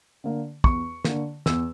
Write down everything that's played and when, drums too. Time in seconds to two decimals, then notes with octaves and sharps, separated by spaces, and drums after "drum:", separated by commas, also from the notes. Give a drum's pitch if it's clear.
0.24 D3 A#3
0.64 E2 C#6, drum: kick
1.05 D3 A#3, drum: snare
1.46 E2 E6, drum: snare